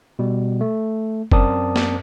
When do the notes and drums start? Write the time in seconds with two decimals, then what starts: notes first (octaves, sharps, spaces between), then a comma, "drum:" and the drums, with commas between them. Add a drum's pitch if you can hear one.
0.19 B2 G3
0.61 A3
1.32 F#2 C4 A#4 D5 A5 D#6, drum: kick F#1
1.76 drum: snare